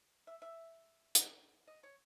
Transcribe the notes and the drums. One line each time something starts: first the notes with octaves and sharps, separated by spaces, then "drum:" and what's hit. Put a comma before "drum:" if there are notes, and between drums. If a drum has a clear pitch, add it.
E5
E5
drum: hi-hat
D#5
C#5